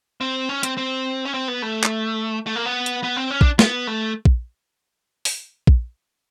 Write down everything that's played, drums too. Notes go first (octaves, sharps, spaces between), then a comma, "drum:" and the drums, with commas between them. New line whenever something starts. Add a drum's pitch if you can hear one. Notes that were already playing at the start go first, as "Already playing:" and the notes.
C4
C#4
C4, drum: hi-hat
C4
C#4
C4
B3
A3
drum: clap
A3
A#3
B3
drum: hi-hat
B3
C4
C#4
D4, drum: kick A#1
B3, drum: snare
A3
drum: kick A#1
drum: open hi-hat
drum: kick A#1